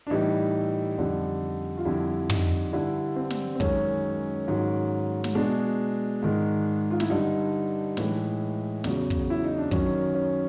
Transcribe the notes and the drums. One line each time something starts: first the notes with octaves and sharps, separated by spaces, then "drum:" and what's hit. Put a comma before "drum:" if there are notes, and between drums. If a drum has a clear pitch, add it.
D4
A2 E3 G3 D#4
F2 D3 G3
F4
F2 D3 G3 E4
D#4, drum: tom
G2 D3 G3 E4
C4
drum: snare
C4
F#2 D#3 G#3 C#4, drum: kick
G#2 D#3 F#3
drum: snare
B2 G#3 D4
G#2 D#3 G#3
F4
E4, drum: snare
G2 D3 G3 D#4
A2 E3 G#3, drum: snare
E2 C#3 F#3, drum: snare
drum: kick
E4
D#4
D4
F#2 D#3 F#3 C#4, drum: kick
C#4